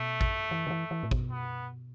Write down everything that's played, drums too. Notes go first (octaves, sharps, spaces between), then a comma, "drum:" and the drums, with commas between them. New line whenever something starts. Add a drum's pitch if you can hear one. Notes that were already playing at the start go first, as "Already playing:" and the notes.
Already playing: B2 A3
drum: kick
E3
D3
E3
E3
A2
B2, drum: kick
B3